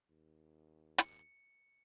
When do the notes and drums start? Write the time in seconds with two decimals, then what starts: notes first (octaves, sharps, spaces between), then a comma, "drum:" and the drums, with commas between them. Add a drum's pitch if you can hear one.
0.10 D#2
0.98 C#7, drum: hi-hat